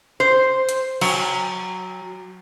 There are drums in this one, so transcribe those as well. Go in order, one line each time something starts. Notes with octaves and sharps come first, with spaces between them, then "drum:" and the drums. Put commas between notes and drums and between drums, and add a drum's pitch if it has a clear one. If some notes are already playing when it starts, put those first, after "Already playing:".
C5
drum: hi-hat
F#3, drum: cymbal